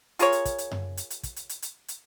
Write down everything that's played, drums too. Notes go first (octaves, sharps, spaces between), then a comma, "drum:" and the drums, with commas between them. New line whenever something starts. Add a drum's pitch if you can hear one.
F4 G#4 A#4 C#5, drum: hi-hat
drum: hi-hat
drum: kick, hi-hat
drum: hi-hat
drum: tom F#2
drum: hi-hat
drum: hi-hat
drum: kick, hi-hat
drum: hi-hat
drum: hi-hat
drum: hi-hat
drum: hi-hat